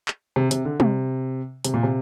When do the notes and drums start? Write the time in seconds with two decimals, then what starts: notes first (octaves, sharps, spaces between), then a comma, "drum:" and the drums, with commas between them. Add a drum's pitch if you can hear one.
0.08 drum: clap
0.36 C3
0.51 C3, drum: hi-hat
0.65 D3
0.80 C3, drum: tom
1.64 C3, drum: hi-hat
1.74 A#2
1.83 C3